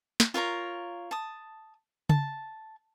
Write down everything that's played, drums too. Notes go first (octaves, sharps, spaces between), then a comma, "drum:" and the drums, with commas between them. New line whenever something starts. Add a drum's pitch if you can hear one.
drum: snare
F4 A#4 C#5 A#5
A5 D#6
A5, drum: tom C#3